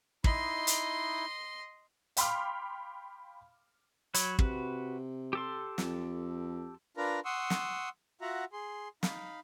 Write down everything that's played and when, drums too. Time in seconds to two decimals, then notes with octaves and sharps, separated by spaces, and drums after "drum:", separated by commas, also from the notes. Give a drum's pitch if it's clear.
0.24 D#4 E4 D#5 C6, drum: kick
0.67 drum: hi-hat
2.17 F5 G5 B5 C6 D6 F6, drum: hi-hat
4.14 F#3 C#5 B5, drum: hi-hat
4.39 C3 F#4 B4, drum: kick
5.33 G4 A4 C6
5.78 F2, drum: snare
6.97 D4 F4 A#4 B4 A#5
7.25 F#5 C6 C#6 D#6 E6
7.50 drum: snare
8.21 F4 F#4 E5 F#5 A#5
8.53 G#4 C6
9.03 D#4 F5 B5, drum: snare